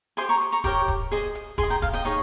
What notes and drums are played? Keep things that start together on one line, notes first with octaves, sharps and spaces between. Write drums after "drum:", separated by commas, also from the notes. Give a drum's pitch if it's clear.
G4 C5 D#5 G#5 C6, drum: hi-hat
A#5 C#6
drum: hi-hat
A#5 C#6
G4 A#4 C#5 G5 A#5, drum: kick, hi-hat
drum: kick, hi-hat
G#4 C5 D#5
drum: hi-hat
G#4 G#5 C6, drum: kick, hi-hat
D#5
G5 A#5
F5, drum: kick, hi-hat
D#5 G5
D#4 G#4 C#5, drum: hi-hat